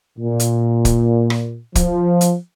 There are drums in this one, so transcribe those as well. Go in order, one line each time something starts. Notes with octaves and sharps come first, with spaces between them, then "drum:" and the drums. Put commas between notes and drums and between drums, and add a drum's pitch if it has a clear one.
A#2
drum: hi-hat
drum: kick, hi-hat
drum: rim click
F3, drum: kick, hi-hat
drum: hi-hat